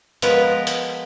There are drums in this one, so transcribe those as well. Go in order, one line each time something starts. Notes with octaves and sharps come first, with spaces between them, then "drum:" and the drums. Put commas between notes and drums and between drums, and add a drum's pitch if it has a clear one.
F3 G#3 B3 A#4 B4 A#5, drum: hi-hat
drum: hi-hat